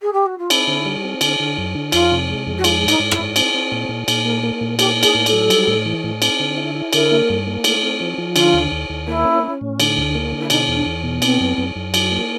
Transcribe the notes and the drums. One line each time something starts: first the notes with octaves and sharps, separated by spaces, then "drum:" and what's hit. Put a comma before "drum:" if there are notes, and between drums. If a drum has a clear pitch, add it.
G#4
G4
F#4
F4
C4 E4, drum: cymbal
D3
G3
C4
D3, drum: cymbal
D3
F#2
D3
F2 F4, drum: cymbal
C3
G#3
F2
F#4
G#3 F4, drum: cymbal
G#2
D#4, drum: cymbal
G#2
E4, drum: rim click
G#2
C4, drum: cymbal
C4
A#2
A#2
A#2, drum: cymbal
A#3
A#3
A#2
A#3 G4, drum: cymbal
A#3
G#4, drum: cymbal
A2
A4, drum: cymbal
F#3
G3, drum: cymbal
A2
E3
A2
C4, drum: cymbal
D3
E4
E4
D3 A#4, drum: cymbal
A#3
G2
A#3
A3, drum: cymbal
C4
F3
F3
D3 F4, drum: cymbal
D#2
D#2
D#2
A#3 E4
C#4
C#4
A2
D3, drum: cymbal
D2
A#3
D3
E4
B2 D#4, drum: cymbal
E2
D4
E2
B2
B3 C4, drum: cymbal
F#2
F#2
F#2
F#3, drum: cymbal
A#3